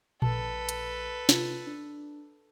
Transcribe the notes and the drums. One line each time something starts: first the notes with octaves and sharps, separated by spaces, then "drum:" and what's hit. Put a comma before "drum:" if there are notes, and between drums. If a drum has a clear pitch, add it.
A#1 A4 B4 A5, drum: tom A#2
drum: hi-hat
C3 F4, drum: snare
D4